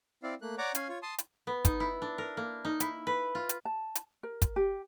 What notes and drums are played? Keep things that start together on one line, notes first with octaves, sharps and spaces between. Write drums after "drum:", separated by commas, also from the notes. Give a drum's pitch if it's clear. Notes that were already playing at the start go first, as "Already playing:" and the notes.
C4 E4 D5 F5
A3 A#3 F#6
C#5 D5 F#5 A#5 D6
C#4 F5 G#5, drum: hi-hat
F4 C#5
A5 C6 D#6
drum: hi-hat
B3
D#4, drum: kick, hi-hat
E4
D4
A#4
A#3
D#4
E4, drum: hi-hat
B4
F4
drum: hi-hat
A5
drum: hi-hat
A#4
drum: kick, hi-hat
G4